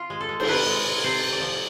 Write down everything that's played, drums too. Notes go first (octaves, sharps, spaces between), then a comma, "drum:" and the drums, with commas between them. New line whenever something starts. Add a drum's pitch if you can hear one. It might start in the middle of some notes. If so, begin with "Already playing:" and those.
Already playing: F4
G#3
A4
G#3
C5, drum: cymbal
C3 B4
G#3
G#3
C3 C5
C3
D5
F3